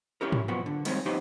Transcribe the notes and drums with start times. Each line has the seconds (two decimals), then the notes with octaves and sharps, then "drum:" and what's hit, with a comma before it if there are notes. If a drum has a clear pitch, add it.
0.21 C#4 E4 G4 A#4
0.32 drum: tom G#2
0.48 F#2 F3 B3 F#4
0.66 D3
0.85 D#3 F3 G3 G#3 C4 C#4, drum: cymbal
1.05 F2 B3 C#4 D#4 G4 C5